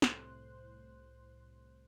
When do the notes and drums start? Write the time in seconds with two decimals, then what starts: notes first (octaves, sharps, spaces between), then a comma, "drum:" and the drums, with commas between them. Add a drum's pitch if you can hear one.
0.02 C2 A2 C5 C6 F#6, drum: snare